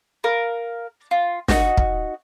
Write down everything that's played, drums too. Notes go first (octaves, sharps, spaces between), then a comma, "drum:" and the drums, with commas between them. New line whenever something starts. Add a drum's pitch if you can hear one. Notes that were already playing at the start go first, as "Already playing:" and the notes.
A#4 F5
F4
D#4 F#4, drum: snare
drum: kick